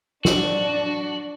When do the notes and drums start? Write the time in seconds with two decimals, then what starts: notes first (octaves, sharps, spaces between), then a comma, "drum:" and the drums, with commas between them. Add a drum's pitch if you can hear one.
0.25 D4 F#4, drum: snare